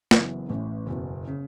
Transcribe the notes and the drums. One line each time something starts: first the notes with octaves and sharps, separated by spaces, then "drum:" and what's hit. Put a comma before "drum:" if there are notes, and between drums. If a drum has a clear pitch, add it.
F#1 F#2 E3 B3, drum: snare
A1 A2 E3 A3 E4
F#1 E2 B2 B3
C#3